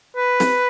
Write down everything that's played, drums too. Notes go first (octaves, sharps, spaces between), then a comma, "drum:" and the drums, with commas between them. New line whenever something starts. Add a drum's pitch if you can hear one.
B4
drum: snare